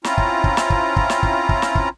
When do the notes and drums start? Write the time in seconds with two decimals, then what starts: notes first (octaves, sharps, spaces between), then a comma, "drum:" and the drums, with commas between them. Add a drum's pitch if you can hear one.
0.04 C4 C#4 E4 F4 A#5, drum: snare
0.18 drum: kick
0.44 drum: kick
0.57 drum: snare
0.70 drum: kick
0.96 drum: kick
1.10 drum: snare
1.23 drum: kick
1.49 drum: kick
1.62 drum: snare
1.75 drum: kick